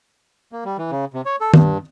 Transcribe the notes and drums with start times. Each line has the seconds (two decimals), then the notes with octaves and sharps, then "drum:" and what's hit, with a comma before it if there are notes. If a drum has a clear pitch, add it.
0.52 A#3
0.65 G3
0.78 E3
0.91 C#3
1.14 C3
1.26 C#5
1.41 A4
1.54 G2, drum: tom